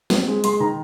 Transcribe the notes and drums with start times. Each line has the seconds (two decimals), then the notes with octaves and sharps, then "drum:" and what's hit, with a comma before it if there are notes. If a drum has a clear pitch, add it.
0.10 C4, drum: snare
0.28 G#3
0.44 G#3 C6, drum: hi-hat
0.60 D#3 A#5